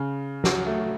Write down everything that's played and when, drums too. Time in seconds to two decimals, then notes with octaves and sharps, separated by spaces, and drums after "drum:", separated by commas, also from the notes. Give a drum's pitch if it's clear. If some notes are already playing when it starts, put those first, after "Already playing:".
Already playing: C#3
0.44 F#3, drum: snare
0.66 A3